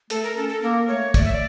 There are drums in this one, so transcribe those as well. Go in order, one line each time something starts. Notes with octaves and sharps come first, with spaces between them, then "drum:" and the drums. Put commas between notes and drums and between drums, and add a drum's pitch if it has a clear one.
A3 A4, drum: hi-hat
A#4
C#4 A4
A4
A#3 A#4
A3 C#5
A3 D5, drum: kick, hi-hat
E5
D5